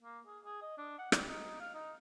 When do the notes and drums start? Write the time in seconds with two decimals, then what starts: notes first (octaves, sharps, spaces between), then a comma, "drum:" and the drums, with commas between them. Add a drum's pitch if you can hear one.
0.02 A#3
0.26 G#4
0.44 G#4
0.62 D#5
0.77 D4
0.98 F#5
1.12 G3, drum: rim click
1.28 D#4
1.60 F5
1.74 D#4